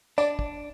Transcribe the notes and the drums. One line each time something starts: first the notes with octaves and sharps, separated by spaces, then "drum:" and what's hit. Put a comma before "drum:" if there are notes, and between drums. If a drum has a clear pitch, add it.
D4 D5, drum: tambourine
drum: kick